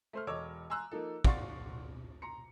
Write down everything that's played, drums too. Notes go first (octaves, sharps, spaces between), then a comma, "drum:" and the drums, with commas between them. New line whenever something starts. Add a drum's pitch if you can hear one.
A3 C5 F6
E1 A4 C#5 D#5 D6 E6
G#5 A#5 C6 E6 F#6
F3 A#3 D#4 A4
D5 F5 F#5 C6 C#6 A6, drum: kick
A#5 C6 C#7